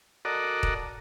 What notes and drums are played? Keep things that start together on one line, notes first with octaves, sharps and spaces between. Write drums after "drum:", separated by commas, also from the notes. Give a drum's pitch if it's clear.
F#4 A4 A#4 D5 D#5
drum: kick D#1